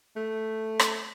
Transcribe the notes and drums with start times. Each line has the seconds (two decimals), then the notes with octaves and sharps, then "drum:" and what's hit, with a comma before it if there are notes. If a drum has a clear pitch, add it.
0.16 A3
0.79 drum: rim click